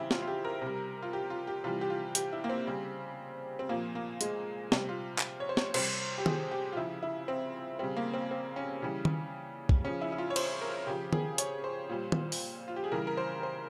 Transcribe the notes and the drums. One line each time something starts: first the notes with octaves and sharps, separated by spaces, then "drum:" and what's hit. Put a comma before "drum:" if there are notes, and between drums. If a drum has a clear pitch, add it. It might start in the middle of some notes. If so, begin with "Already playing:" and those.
Already playing: C#3 E3 G3 C4 E4 G4
F4, drum: snare
F4
G4
A#4
C3 G3
F4
G4
F4
G4
C3 E3 G3 F4
G4
F4
G4, drum: hi-hat
E4
A#3
C4
C#3 G3
C4
A#2 F3 A#3
A#3
G#3, drum: hi-hat
C3 G3, drum: snare
F4
drum: clap
C#5
C5
C#5, drum: snare
C3 G3 C5, drum: cymbal
G4
G#4, drum: tom D#3
G4
F4
C#3 F3 E4
E4
C4
C#3 G3 C4
A#3
C4
C4
C#4
C#3 E3 G3
drum: tom D#3
drum: kick
C#3 F3 C#4
E4
E4
F4
C#5
C5, drum: cymbal
A#4
C#3 F3 G4
G#4, drum: tom D#3
C#5, drum: hi-hat
C5
A#2 G3
drum: tom D#3
drum: open hi-hat
F4
G4
G#4
C#3 E3 G3 A#4
A#4
C5
C5